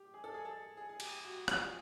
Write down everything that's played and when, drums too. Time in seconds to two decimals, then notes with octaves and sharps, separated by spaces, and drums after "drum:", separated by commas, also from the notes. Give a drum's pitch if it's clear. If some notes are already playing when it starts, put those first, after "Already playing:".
Already playing: G4
0.14 G#4
0.24 A4
0.34 G#4
0.45 A4
0.77 G#4
0.89 G#4
1.00 G4, drum: cymbal
1.25 F#4
1.48 F4, drum: rim click